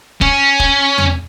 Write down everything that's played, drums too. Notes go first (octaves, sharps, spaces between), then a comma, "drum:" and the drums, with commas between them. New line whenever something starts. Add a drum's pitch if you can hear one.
C#4, drum: kick
drum: kick
drum: tom E2